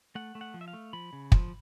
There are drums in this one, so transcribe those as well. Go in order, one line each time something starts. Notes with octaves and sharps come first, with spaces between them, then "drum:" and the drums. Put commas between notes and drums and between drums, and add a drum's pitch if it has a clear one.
A3 F#5
A3
F#5
F3
E5
F5
A3
F3 B5
C#3
F3, drum: kick